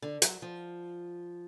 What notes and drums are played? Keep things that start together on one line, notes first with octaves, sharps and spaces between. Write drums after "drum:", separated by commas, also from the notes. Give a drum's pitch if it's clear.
D3
F#3, drum: hi-hat
F3